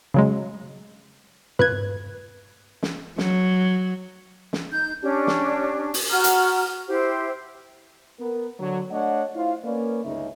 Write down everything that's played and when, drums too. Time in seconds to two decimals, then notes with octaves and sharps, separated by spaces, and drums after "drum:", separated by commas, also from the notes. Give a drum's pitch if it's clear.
0.14 C#3 F#3 G#3
1.59 B4 F#6 G#6, drum: tom
2.83 drum: snare
3.18 F#3, drum: snare
4.53 drum: snare
4.71 D#4 G6
5.01 C#4 D4 G4
5.27 drum: snare
5.94 drum: open hi-hat
6.10 F#4 F#5 A#5 F6
6.24 drum: hi-hat
6.88 E4 G4 C5
8.20 B3 A#4
8.59 D3 F#3
8.92 A3 D4 C#5 D#5 F#5
9.35 E4 F4 C5 F5
9.64 A#3 C#4 A#4 B4 D5
10.04 G1 C#2 C#3 D#4 E5